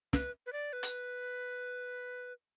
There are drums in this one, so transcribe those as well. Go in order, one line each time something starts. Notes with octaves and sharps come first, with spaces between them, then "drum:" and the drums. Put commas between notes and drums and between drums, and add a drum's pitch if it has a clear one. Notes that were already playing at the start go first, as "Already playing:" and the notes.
B4, drum: snare
B4
D5
B4
drum: hi-hat